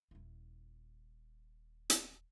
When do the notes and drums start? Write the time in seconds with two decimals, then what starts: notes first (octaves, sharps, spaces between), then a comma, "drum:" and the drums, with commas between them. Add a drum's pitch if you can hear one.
0.11 D#1 E4
1.90 drum: hi-hat